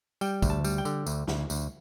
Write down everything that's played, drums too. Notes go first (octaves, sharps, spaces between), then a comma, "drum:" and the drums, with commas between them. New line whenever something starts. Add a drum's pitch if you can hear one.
G3 G5, drum: tambourine
D2, drum: kick, tambourine
A5
G3, drum: tambourine
G5
D3, drum: tambourine
D2, drum: tambourine
D2, drum: snare
D2, drum: tambourine